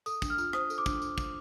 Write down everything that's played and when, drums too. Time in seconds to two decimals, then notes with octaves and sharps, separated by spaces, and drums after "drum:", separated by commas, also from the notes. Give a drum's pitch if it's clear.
0.06 A4 D#6, drum: tambourine
0.22 D4, drum: kick, tambourine
0.30 F6
0.38 F4, drum: tambourine
0.53 C5 D#6, drum: rim click
0.70 A4, drum: tambourine
0.78 D6
0.86 D4, drum: kick, tambourine
1.02 drum: tambourine
1.18 drum: kick, tambourine